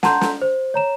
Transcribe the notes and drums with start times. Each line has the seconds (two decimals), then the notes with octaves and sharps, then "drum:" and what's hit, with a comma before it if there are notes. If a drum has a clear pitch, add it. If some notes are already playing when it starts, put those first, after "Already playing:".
0.03 F#5 A5 A#5 C6 G6, drum: snare
0.21 drum: snare
0.42 C5
0.74 C#5 A#5 E7